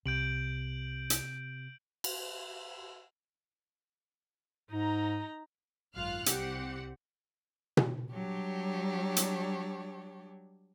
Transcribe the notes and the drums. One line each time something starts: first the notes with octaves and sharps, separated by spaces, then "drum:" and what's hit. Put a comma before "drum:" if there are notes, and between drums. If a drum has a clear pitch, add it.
C2 C3 G6 D7 F#7
drum: hi-hat
drum: cymbal
G#2 D#4 A#5
G#1 F#2 F4 F5 F6 F#6
C2 C4 G4 F#5, drum: hi-hat
drum: tom B2
F#3 G3 D4 G4 C#5
drum: hi-hat